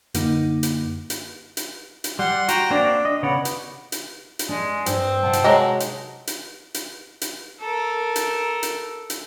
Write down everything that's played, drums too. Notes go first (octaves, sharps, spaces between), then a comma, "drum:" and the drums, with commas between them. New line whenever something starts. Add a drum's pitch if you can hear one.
F#2 D3 A#3 D#4, drum: hi-hat
drum: hi-hat
drum: hi-hat
drum: hi-hat
drum: hi-hat
G3 F#5 C6
F#4 G5 A#5, drum: hi-hat
A#3 C4 D4 F#4
D#5
C#3 B3 C#5 D5
drum: hi-hat
drum: hi-hat
drum: hi-hat
G#3 D4
G2 C4, drum: hi-hat
C3 F#5 A5
drum: hi-hat
F#3 G#3 A#5
drum: hi-hat
drum: hi-hat
drum: hi-hat
drum: hi-hat
A4 A#4
drum: hi-hat
drum: hi-hat
drum: hi-hat